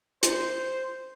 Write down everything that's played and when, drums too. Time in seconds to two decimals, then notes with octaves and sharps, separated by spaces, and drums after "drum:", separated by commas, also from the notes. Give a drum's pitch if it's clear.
0.23 C5, drum: hi-hat